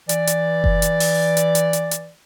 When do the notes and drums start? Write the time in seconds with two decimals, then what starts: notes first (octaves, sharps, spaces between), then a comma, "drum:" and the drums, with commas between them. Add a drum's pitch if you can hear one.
0.09 E3 D5, drum: hi-hat
0.27 drum: hi-hat
0.64 drum: kick F#1
0.82 drum: hi-hat
1.00 drum: open hi-hat
1.37 drum: hi-hat
1.55 drum: hi-hat
1.73 drum: hi-hat
1.91 drum: hi-hat